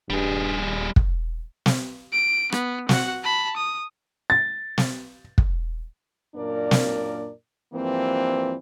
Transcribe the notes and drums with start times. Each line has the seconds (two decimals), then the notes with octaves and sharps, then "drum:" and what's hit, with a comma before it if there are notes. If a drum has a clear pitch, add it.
0.10 D#1 G2 G3 G#4
0.96 drum: kick
1.66 drum: snare
2.13 D7
2.52 B3, drum: rim click
2.89 F#4 F#5, drum: snare
3.24 A5 B5
3.57 D#6
4.30 A6
4.78 drum: snare
5.38 drum: kick
6.36 F#2 A#2 A#3 D4 A#4 D5
6.71 drum: snare
7.74 G2 E3 F3 A#3 C4